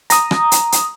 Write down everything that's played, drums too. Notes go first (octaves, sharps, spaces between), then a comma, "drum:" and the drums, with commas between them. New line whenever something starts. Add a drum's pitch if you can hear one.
A#5 D#6, drum: hi-hat
drum: rim click
drum: hi-hat
drum: hi-hat